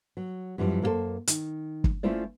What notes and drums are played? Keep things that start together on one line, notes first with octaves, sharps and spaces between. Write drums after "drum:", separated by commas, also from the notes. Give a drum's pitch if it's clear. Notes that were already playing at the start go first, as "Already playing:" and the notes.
F#3
F#2 E3 F3 G3
F#2 A#3 E4 G4 A4 C5
D#3, drum: hi-hat
drum: kick
A3 C#4 E4 F4 C5 D5